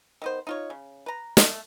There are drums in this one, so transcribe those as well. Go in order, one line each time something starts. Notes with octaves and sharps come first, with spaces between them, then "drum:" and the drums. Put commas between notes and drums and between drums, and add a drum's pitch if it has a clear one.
D#3 B3 C5
D#4 F4 C#5
C#3
B4 A#5
A3, drum: snare